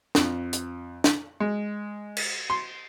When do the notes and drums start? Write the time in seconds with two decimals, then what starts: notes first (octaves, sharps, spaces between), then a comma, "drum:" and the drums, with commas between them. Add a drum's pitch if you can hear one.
0.15 F2, drum: snare
0.53 drum: hi-hat
1.04 drum: snare
1.40 G#3
2.17 drum: cymbal
2.50 C6